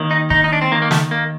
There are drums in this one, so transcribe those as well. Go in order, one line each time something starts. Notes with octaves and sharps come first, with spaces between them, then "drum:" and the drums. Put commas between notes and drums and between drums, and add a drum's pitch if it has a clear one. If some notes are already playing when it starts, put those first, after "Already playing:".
Already playing: D#2 D#3
D#4
D#4, drum: kick
D#4
D4
C4
D#2 D#3 A#3
A#3
A3, drum: snare
A#3